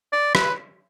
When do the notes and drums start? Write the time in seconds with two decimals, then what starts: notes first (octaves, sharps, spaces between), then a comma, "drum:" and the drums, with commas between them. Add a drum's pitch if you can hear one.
0.13 D5
0.35 B4, drum: rim click